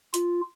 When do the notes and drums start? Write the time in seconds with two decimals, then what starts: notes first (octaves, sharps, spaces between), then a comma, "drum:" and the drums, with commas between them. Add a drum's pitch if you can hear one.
0.14 F4, drum: hi-hat